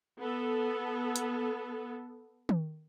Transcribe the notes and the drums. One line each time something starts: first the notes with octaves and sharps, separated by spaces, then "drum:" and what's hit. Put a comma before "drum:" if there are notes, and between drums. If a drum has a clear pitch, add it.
B3 A4
drum: hi-hat
drum: tom D#3